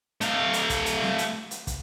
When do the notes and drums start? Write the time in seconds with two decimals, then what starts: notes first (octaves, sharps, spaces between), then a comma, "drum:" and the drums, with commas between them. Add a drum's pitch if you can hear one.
0.21 A3 F5, drum: hi-hat
0.53 drum: hi-hat
0.70 drum: kick, hi-hat
0.86 drum: hi-hat
1.02 drum: snare C4
1.18 drum: hi-hat
1.51 drum: hi-hat
1.67 drum: kick, hi-hat